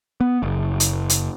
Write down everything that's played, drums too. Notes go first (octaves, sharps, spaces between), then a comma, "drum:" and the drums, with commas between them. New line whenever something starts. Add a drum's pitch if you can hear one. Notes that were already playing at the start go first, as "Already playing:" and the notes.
B3
F#1
drum: hi-hat
drum: hi-hat